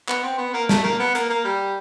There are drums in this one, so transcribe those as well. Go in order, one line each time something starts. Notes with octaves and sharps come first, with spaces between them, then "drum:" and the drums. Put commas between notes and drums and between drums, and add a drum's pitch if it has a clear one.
B3, drum: clap
C4
B3
A#3
A3, drum: snare
A#3
B3
A#3, drum: hi-hat
A#3
G3